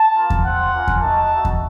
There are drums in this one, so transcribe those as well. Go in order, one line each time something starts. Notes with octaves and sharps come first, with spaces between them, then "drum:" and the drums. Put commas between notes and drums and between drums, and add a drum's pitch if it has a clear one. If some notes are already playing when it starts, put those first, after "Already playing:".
Already playing: A5
A#3 F4
drum: kick E2
C4 F4 F#5
A#3 C#4 F4
drum: kick E2
A3 D#4 F#4 A5
A3 D#4 F#4
drum: kick E2